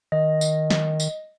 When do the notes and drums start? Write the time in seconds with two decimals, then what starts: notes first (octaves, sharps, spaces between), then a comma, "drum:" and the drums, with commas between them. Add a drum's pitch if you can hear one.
0.12 D#3 D#5
0.41 drum: tambourine
0.70 drum: snare
1.00 drum: tambourine